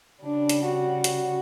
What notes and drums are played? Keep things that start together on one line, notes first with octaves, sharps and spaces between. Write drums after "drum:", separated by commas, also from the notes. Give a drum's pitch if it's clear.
C#3 G3 D4
drum: hi-hat
F#4
F#4, drum: hi-hat